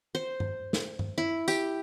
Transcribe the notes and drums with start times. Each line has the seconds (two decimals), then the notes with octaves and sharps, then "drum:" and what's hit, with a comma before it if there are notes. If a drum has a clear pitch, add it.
0.15 C5
0.40 drum: tom G2
0.73 drum: snare
0.99 drum: tom G2
1.18 E4
1.48 G4, drum: tambourine